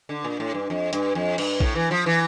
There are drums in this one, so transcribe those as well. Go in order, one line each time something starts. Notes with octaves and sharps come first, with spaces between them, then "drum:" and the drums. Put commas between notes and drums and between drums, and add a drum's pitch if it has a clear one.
D3
A#2
A2
G2
F2
G2, drum: hi-hat
F2
G2, drum: cymbal
A2, drum: kick A#1
E3
F3
E3